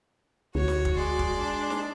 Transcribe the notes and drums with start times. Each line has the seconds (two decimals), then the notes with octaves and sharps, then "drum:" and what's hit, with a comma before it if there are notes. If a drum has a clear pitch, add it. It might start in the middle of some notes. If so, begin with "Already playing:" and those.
0.55 D2 F#4 C#5
0.68 drum: snare
0.85 drum: kick
0.97 G#3 D5 C6
1.19 drum: kick
1.36 D4
1.70 drum: snare